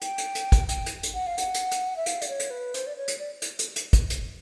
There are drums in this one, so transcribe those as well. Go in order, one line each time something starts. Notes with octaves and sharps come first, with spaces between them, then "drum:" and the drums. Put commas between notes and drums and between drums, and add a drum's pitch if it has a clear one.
G5, drum: hi-hat
drum: hi-hat
drum: hi-hat
drum: kick, hi-hat
G5, drum: hi-hat
drum: hi-hat
drum: hi-hat
F#5
F5
F#5, drum: hi-hat
drum: hi-hat
drum: hi-hat
E5
F5, drum: hi-hat
D5, drum: hi-hat
C#5
drum: hi-hat
B4
C5, drum: hi-hat
D5
C#5
drum: hi-hat
D5
drum: hi-hat
drum: hi-hat
drum: hi-hat
drum: kick, hi-hat
drum: hi-hat